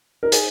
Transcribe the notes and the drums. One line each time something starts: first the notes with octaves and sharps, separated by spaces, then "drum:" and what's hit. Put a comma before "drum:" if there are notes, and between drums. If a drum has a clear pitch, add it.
D#4 A#4
G#4, drum: hi-hat